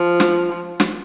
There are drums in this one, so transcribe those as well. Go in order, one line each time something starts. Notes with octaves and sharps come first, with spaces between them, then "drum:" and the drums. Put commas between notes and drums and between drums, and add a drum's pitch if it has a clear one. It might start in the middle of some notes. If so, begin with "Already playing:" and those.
Already playing: F3
drum: snare
drum: snare